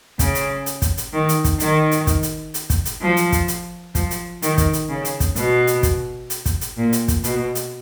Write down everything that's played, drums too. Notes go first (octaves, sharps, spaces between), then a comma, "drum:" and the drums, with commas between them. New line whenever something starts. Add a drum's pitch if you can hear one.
C#3, drum: kick, hi-hat
drum: hi-hat
drum: hi-hat
drum: kick, hi-hat
drum: hi-hat
D#3
drum: hi-hat
drum: kick, hi-hat
D#3, drum: hi-hat
drum: hi-hat
drum: kick, hi-hat
drum: hi-hat
drum: hi-hat
drum: kick, hi-hat
drum: hi-hat
F3
drum: hi-hat
drum: kick, hi-hat
drum: hi-hat
F3, drum: kick, hi-hat
drum: hi-hat
D#3, drum: hi-hat
drum: kick, hi-hat
drum: hi-hat
C#3
drum: hi-hat
drum: kick, hi-hat
B2, drum: hi-hat
drum: hi-hat
drum: kick, hi-hat
drum: hi-hat
drum: kick, hi-hat
drum: hi-hat
A#2
drum: hi-hat
drum: kick, hi-hat
B2, drum: hi-hat
drum: hi-hat